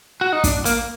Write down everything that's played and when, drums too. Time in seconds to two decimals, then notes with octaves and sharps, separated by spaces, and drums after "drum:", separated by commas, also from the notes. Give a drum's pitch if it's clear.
0.21 F#4
0.33 D#4
0.44 D4, drum: kick, hi-hat
0.65 A#3, drum: hi-hat